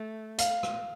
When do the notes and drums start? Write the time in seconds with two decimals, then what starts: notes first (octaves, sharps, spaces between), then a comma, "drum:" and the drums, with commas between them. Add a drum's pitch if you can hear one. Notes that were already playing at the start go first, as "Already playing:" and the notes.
Already playing: A3
0.38 F5, drum: hi-hat
0.63 drum: rim click